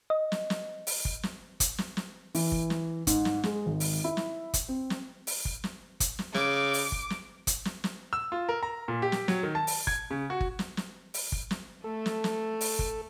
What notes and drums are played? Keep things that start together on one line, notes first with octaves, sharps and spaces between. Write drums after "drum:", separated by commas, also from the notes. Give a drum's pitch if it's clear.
D#5
drum: snare
drum: snare
drum: open hi-hat
drum: kick G1
drum: snare
drum: kick G1, hi-hat
drum: snare
drum: snare
E3, drum: open hi-hat
drum: kick G1
drum: snare
G#2, drum: kick G1, hi-hat
drum: snare
G#3, drum: snare
G#1
drum: open hi-hat
E4
drum: snare
drum: kick G1, hi-hat
C4
drum: snare
drum: open hi-hat
drum: kick G1
drum: snare
drum: kick G1, hi-hat
drum: snare
C#3 D6, drum: snare
drum: open hi-hat
drum: kick G1
drum: snare
drum: kick G1, hi-hat
drum: snare
drum: snare
E6
F4
A#4
A#5
A#2
G4
drum: snare
F#3, drum: snare
D#3
A5
drum: open hi-hat
G#6, drum: kick G1
C#3
F#4
drum: kick G1
drum: snare
drum: snare
drum: open hi-hat
drum: kick G1
drum: snare
A3 A4
drum: snare
drum: snare
drum: open hi-hat
drum: kick G1